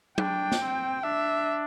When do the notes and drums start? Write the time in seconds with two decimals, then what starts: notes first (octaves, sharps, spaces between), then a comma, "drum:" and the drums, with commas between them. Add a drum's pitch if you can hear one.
0.18 D4 G5, drum: tom F#3
0.52 drum: snare
0.61 C4
1.03 D4 E5